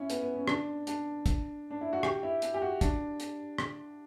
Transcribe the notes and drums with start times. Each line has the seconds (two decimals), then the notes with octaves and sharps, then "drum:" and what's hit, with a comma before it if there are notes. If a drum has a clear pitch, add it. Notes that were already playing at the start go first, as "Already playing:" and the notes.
Already playing: C#4 E4
0.10 B3, drum: hi-hat
0.22 B3
0.35 C#4
0.48 D4, drum: rim click
0.87 D4, drum: hi-hat
1.26 drum: kick, hi-hat
1.71 D4
1.81 E4
1.93 F#4
2.03 G4, drum: rim click
2.23 E4
2.42 drum: hi-hat
2.54 G4
2.62 F#4
2.81 D4, drum: kick, hi-hat
3.20 drum: hi-hat
3.58 drum: rim click